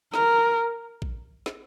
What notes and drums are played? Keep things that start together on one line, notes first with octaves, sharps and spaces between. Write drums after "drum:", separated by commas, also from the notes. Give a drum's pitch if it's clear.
A#4, drum: snare
drum: kick A1
drum: snare